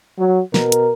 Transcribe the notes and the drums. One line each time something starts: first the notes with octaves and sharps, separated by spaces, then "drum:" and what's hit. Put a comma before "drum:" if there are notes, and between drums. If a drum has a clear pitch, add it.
F#3
B2 A#4, drum: snare
drum: hi-hat